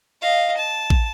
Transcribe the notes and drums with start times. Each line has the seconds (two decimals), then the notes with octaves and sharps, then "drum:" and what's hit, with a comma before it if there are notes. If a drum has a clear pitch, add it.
0.22 D#5 F5
0.57 A5
0.90 drum: kick